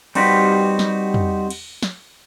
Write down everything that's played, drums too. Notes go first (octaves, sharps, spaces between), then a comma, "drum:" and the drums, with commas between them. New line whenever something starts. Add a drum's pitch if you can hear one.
G3 C4 D#4 F#4 G4 B4, drum: cymbal
drum: snare
drum: tom
drum: cymbal
drum: snare